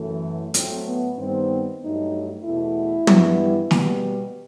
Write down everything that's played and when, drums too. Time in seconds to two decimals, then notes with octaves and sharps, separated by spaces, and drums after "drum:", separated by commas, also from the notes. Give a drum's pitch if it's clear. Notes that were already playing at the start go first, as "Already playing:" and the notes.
Already playing: F#2 E3 A3
0.54 A2 F#3 A3 C4, drum: hi-hat
0.86 B3
1.18 G2 D#3 G3 B3 C4
1.80 G2 F#3 A3 D#4
2.44 E2 B2 A3 E4
3.07 G2 E3 G3 B3, drum: tom
3.71 B2 G3 B3, drum: snare